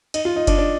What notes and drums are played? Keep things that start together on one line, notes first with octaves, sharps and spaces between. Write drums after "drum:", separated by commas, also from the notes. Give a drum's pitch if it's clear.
D#4, drum: cymbal
F4
D#4
D4, drum: kick F#1, cymbal
D4